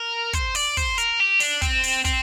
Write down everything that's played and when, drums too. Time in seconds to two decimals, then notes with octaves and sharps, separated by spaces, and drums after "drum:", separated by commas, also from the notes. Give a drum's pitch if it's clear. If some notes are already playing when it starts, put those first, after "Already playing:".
Already playing: A#4
0.33 C5, drum: kick, hi-hat
0.55 D5, drum: open hi-hat
0.77 C5, drum: kick, hi-hat
0.98 A#4, drum: hi-hat
1.20 G4
1.40 D4, drum: open hi-hat
1.62 C4, drum: kick, hi-hat
1.84 drum: open hi-hat
2.05 C4, drum: kick, hi-hat